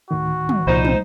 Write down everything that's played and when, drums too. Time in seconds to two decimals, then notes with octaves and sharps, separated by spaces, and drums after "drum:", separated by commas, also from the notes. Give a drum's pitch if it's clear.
0.11 D2 A2 D#3 F#4
0.49 drum: tom
0.67 C2 A#2 F3 D#4 C5 D5 D#5 B5
0.85 drum: tom